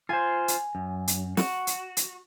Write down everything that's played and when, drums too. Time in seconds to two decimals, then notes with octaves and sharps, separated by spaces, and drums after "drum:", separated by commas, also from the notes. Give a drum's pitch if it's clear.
0.09 F4 C5 G#5
0.48 drum: hi-hat
0.75 F#2
1.08 drum: hi-hat
1.37 F#4, drum: snare
1.67 drum: hi-hat
1.97 drum: hi-hat